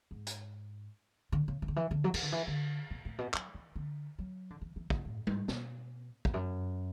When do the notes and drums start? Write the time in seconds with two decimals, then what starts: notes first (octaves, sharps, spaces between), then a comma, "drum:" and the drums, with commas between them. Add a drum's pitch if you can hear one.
0.11 G#2
0.27 drum: hi-hat
1.32 D3
1.48 C#3
1.62 E3
1.68 D3
1.76 E3
1.91 D3
2.04 F#3
2.14 E3, drum: cymbal
2.23 D3
2.32 E3
2.47 D3
2.91 B2
3.05 A2
3.18 B2
3.34 F#3, drum: clap
3.54 E3
3.76 D3
4.19 F#3
4.50 D3
4.61 E3
4.76 E3
4.90 C#3, drum: kick
5.05 A2
5.27 G#2, drum: tom G3
5.48 B2, drum: snare
6.25 E2, drum: kick
6.34 F#2